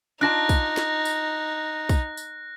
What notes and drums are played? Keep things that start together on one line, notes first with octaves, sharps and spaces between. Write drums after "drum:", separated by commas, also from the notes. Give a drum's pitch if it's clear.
D4 D#4 F4 A5 F#6 A#6
drum: kick, tambourine
drum: snare
drum: tambourine
drum: kick, tambourine
drum: tambourine